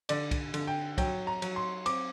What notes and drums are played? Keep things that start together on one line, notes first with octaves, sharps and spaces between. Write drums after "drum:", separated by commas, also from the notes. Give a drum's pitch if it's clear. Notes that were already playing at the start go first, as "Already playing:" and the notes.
D3 D5, drum: cymbal
drum: kick, cymbal
D3, drum: cymbal
G5
F#3 G5, drum: kick, cymbal
A#5
F#3, drum: cymbal
C6
C4 D6, drum: cymbal